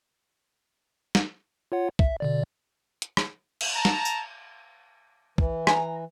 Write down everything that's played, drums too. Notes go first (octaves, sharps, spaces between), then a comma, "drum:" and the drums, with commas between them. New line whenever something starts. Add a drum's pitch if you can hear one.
drum: snare
F4 C#5 F#5
E5, drum: kick
B2 D3 D5
drum: hi-hat
drum: rim click
drum: cymbal
A5 A#5
drum: snare
drum: tambourine
E3, drum: kick
G#5 A#5, drum: rim click